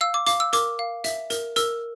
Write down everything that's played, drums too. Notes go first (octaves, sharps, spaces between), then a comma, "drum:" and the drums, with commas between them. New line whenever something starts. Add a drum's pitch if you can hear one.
F5 E6
D6
F5 D6, drum: hi-hat
E6
A#4 D6, drum: hi-hat
F5
E5, drum: hi-hat
A#4, drum: hi-hat
A#4 E6, drum: hi-hat